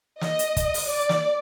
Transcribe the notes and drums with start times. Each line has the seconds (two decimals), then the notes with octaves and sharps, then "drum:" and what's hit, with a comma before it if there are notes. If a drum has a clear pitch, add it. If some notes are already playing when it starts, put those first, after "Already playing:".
0.21 D#5, drum: snare
0.39 drum: hi-hat
0.57 drum: kick, hi-hat
0.74 drum: open hi-hat
0.88 D5
1.09 drum: snare